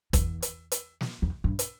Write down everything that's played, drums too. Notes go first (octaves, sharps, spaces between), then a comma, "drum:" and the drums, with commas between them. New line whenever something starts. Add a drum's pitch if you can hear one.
E2, drum: kick G1, hi-hat
drum: hi-hat
drum: hi-hat
drum: snare
E2
G2
drum: hi-hat